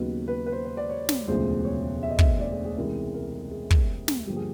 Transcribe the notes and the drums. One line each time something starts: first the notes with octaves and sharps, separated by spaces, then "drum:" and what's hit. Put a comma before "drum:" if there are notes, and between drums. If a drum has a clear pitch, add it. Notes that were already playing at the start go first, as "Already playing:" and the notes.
Already playing: D#2 C#3 F#3 B3 D#4 B4
B4
B4
C5
C5
D5
C#5
drum: snare
E1 D2 C#3 F3 G#3 C5
C#5
E5
D#5
E5, drum: kick
D5
G#4
G#4
C#2 C3 E3 G#3 A#4
A#4
G#4
drum: kick
drum: snare
G2 D3 F3 A#3 G4
G#4